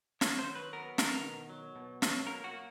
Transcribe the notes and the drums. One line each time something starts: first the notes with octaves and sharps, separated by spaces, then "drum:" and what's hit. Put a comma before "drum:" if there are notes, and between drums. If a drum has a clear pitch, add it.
D#3 C#5, drum: snare
C5
F#3
B4
B3 A#4
D#3 A#4, drum: snare
B2
F#3
B2
F#3, drum: snare
A#3 A#4
F#4
A#3